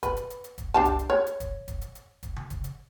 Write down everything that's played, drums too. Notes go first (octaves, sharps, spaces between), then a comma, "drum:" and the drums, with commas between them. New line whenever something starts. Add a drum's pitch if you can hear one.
B4, drum: kick, hi-hat
drum: hi-hat
drum: hi-hat
drum: hi-hat
drum: kick, hi-hat
D4 G4 A5, drum: tom C2
drum: kick, hi-hat
drum: hi-hat
C#5
drum: hi-hat
drum: kick, hi-hat
drum: kick, hi-hat
drum: hi-hat
drum: hi-hat
drum: kick, hi-hat
drum: tom C#3
drum: kick, hi-hat
drum: hi-hat